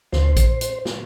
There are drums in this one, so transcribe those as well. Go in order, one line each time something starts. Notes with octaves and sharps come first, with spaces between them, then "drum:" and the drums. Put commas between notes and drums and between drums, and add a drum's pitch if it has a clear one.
D2 D3 C5, drum: snare
drum: kick A#1, hi-hat
drum: hi-hat
drum: snare